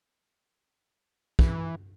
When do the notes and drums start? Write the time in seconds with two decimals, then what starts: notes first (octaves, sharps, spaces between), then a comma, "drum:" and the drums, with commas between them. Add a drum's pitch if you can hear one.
1.39 E3, drum: kick